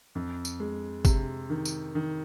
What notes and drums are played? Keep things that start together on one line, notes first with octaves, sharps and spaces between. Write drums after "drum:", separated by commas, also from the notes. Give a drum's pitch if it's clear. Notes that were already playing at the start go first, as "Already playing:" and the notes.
F2
drum: tambourine
G#3
C3, drum: kick G1, tambourine
D#3
drum: tambourine
D#3